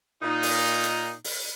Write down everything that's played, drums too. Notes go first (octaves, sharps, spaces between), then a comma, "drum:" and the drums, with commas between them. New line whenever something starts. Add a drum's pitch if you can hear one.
A#2 D#4
drum: open hi-hat
drum: hi-hat
drum: open hi-hat